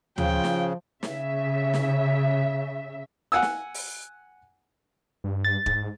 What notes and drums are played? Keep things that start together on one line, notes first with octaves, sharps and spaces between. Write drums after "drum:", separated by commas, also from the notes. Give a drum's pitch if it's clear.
C#3 F3 G5, drum: tom D2
drum: snare
C#3 E5, drum: snare
drum: snare
F#5 G#5 E6
drum: snare
drum: open hi-hat
G2
A6
G#2, drum: kick